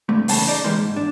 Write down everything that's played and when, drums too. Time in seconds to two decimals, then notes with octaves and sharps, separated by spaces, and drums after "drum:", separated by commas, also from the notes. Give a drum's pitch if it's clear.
0.09 G2 C3 A3
0.28 B1 E2 C#3 A5, drum: open hi-hat
0.47 D#4 D5
0.64 E3 G3 G#3 A#3 C5
0.77 G#2
0.96 D4